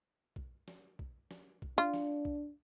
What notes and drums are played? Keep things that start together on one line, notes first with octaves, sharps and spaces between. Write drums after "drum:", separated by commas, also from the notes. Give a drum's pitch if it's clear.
drum: kick
drum: snare
drum: kick
drum: snare
drum: kick
D4 F4
drum: snare
drum: kick